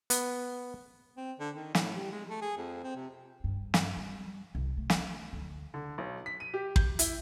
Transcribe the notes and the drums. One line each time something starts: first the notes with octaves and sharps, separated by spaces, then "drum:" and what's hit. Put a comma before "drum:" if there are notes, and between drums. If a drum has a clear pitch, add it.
B3, drum: hi-hat
C4
D3
D#3
A2, drum: snare
G3
G#3
A3
G#4
F2
C4
C3
G2
drum: snare
G3
C2
A3
drum: snare
D2
D3
B1
B6
D#7
G4
G6, drum: kick
E4, drum: hi-hat